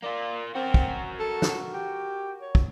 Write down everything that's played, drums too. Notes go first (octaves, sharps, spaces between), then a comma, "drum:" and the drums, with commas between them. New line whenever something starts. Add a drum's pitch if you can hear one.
A#3 F4 D5
C4 F#4 A#4
drum: kick
A4
drum: snare
G4
C#5
drum: kick